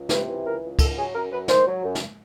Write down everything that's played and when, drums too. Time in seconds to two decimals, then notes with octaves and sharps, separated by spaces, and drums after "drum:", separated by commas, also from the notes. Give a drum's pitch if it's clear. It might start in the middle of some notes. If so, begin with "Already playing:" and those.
Already playing: C#2
0.09 C3 B4, drum: snare
0.27 E3
0.44 C#2 A#4
0.62 C#2
0.79 D#3 A4, drum: kick, cymbal
0.96 F#3 G#4
1.14 F#2 A#4
1.31 F#2 B4
1.48 D#3 C5, drum: snare
1.67 F#3
1.83 F#2
1.95 drum: snare